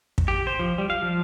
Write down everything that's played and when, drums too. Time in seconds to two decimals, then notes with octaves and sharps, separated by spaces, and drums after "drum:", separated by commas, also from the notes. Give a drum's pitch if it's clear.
0.18 drum: kick
0.28 G4
0.47 C5
0.59 F3
0.78 G3
0.90 F5
1.02 F3